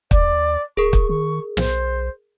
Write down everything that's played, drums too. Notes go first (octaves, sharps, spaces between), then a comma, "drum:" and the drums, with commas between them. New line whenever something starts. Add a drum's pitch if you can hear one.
D#2 D5, drum: kick
D1 G#4 A#4 C#6
drum: kick
D#3 C#6
B1 C5, drum: snare